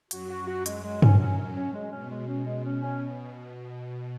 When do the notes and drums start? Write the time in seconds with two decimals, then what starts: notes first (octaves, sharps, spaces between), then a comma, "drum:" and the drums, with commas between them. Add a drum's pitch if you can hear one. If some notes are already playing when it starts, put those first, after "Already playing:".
0.11 F#2 F#3 F#4, drum: hi-hat
0.30 F#4
0.47 F#4
0.66 G#3, drum: hi-hat
0.84 G#3
1.02 C#4, drum: tom G2
1.20 C#4
1.38 C#4
1.56 C#4
1.74 G#3
1.92 B2 C#4
2.10 G#3
2.28 C#4
2.46 G#3
2.65 C#4
2.82 C#4